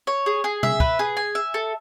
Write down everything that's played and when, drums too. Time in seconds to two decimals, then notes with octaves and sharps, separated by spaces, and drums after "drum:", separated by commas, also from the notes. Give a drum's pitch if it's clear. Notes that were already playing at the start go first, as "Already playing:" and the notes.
0.07 C#5
0.26 G#4
0.44 G#4
0.63 E5, drum: tom
0.80 B4, drum: kick
0.99 G#4
1.17 G#5
1.35 E5
1.54 A4